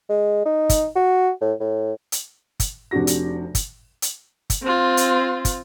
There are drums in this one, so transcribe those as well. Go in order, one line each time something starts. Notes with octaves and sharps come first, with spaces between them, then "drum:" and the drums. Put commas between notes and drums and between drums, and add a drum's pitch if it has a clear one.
G#3
D#4
drum: kick, hi-hat
F#4
A2
A2
drum: hi-hat
drum: kick, hi-hat
F1 C3 D4 F#4 A#6
drum: hi-hat
drum: kick, hi-hat
drum: hi-hat
drum: kick, hi-hat
C4 F4
drum: hi-hat
drum: kick, hi-hat